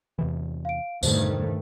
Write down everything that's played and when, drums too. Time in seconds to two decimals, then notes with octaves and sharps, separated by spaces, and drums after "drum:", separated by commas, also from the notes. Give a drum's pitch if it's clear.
0.19 E2 C3 E3
0.65 F5 D7
1.03 E2 G2 B2 D3 D#3 A3 C5, drum: tambourine